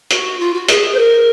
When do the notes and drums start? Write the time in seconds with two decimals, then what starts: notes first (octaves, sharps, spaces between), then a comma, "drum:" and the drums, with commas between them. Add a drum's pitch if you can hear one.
0.11 F#4, drum: hi-hat
0.40 F4
0.54 F#4
0.68 G#4, drum: hi-hat
0.94 C5
0.98 A#4